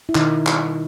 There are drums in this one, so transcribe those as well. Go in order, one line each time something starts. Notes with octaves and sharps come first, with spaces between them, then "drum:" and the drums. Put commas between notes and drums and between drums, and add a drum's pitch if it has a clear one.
E4
B2 D#3 D#4, drum: clap
G3, drum: clap